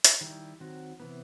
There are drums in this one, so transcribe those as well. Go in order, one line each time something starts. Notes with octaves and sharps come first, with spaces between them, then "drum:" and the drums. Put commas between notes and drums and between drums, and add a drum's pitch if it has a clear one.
drum: hi-hat
D#3 G3 B3 E4 G4
D#3 F#3 C4 F#4
C3 E3 B3